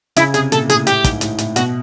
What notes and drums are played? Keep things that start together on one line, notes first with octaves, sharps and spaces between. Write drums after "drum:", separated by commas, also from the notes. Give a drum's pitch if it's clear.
C#3 E4, drum: hi-hat
C3 G#4, drum: hi-hat
A#2 A4, drum: hi-hat
A2 G#4, drum: hi-hat
A2 G4, drum: hi-hat
G#2, drum: kick, hi-hat
A2, drum: hi-hat
A2, drum: hi-hat
B2 F#4, drum: hi-hat